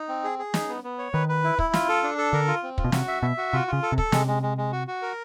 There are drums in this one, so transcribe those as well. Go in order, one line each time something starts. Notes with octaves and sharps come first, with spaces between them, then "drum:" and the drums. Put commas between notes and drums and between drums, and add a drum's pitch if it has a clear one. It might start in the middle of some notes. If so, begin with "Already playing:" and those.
Already playing: D#4
C4
G#4
G#4
D#4, drum: snare
B3
B3
C#5
D#3 B4
B4
E4
E4, drum: kick
F4, drum: snare
A4
D4
A4
D3 A#4
F4
C4
F4, drum: kick
B2
C3 F#4, drum: snare
E5
B2 E5
F#4
C3 F4
F4
C#3
A4
C3
A4, drum: kick
C3 G#3, drum: snare
G#3
G#3
G#3
F#4
F#4
A#4